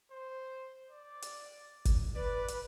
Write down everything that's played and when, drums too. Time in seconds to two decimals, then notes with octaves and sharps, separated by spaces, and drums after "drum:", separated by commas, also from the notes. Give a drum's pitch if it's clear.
0.11 C5
0.91 D5
1.22 drum: hi-hat
1.85 drum: kick G1, hi-hat
2.15 B4 D5
2.48 drum: hi-hat